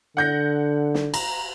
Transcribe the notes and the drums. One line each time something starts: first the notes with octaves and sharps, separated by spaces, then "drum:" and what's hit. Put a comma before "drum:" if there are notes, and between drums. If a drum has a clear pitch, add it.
D3 F#5 G6 A#6
drum: snare
A#5, drum: cymbal